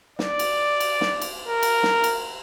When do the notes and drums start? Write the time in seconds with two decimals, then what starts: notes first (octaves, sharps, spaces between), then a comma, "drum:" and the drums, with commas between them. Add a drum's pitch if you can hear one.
0.19 D5, drum: snare
0.39 drum: cymbal
0.80 drum: cymbal
1.01 drum: snare
1.22 drum: cymbal
1.48 A#4
1.63 drum: cymbal
1.83 drum: snare
2.04 drum: cymbal